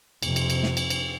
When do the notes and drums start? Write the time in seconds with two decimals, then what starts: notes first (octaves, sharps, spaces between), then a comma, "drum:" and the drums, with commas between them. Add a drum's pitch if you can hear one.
0.22 F2 C3, drum: cymbal
0.36 drum: cymbal
0.50 drum: cymbal
0.63 drum: snare
0.77 drum: cymbal
0.90 drum: cymbal